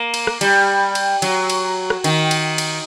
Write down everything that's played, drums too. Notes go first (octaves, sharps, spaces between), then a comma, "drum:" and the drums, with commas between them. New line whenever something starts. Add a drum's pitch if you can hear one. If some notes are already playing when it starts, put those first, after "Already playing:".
Already playing: A#3
drum: cymbal
drum: rim click
G3, drum: cymbal
drum: cymbal
F#3, drum: cymbal
drum: cymbal
drum: rim click
D#3, drum: cymbal
drum: cymbal
drum: cymbal